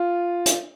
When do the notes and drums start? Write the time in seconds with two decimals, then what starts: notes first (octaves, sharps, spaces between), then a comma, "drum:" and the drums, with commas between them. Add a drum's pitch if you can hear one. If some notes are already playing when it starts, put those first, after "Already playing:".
Already playing: F4
0.46 drum: hi-hat